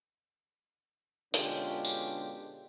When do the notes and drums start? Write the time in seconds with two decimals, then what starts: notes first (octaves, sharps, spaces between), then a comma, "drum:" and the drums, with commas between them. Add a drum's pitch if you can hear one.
1.34 B2 D3 G#3 C#4 F4 G4, drum: hi-hat
1.85 drum: tambourine